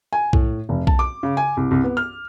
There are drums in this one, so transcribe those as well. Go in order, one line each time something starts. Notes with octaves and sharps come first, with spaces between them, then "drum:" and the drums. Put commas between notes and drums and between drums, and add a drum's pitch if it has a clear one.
G#5
A2, drum: kick B1
F1
A5, drum: kick B1
D6
C#3
G#5
C2
C2
B3
F6